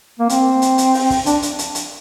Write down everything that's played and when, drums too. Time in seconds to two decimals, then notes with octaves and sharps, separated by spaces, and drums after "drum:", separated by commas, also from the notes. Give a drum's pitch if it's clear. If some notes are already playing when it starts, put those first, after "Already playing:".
0.19 A#3
0.29 C4, drum: hi-hat
0.62 drum: hi-hat
0.78 drum: hi-hat
0.94 drum: open hi-hat
1.10 drum: kick, open hi-hat
1.26 D4, drum: hi-hat
1.42 drum: hi-hat
1.59 drum: hi-hat
1.75 drum: hi-hat